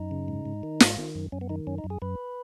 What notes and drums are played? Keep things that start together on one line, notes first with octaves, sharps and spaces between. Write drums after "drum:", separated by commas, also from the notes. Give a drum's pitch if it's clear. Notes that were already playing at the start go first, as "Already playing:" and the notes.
Already playing: F#2 D#4
C#3
G#2
G#2
D#3
G#2, drum: snare
D#3
F#2
F#2 C#4
B3
D#3 D#4
F#2 C#4
D#4
F#2
G#4
F#2 B4